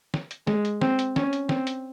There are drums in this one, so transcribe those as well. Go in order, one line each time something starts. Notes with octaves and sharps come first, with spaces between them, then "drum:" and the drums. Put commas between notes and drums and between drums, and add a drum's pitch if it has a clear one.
drum: snare
drum: hi-hat
G#3, drum: snare
drum: hi-hat
C4, drum: snare
drum: hi-hat
C#4, drum: snare
drum: hi-hat
C4, drum: snare
drum: hi-hat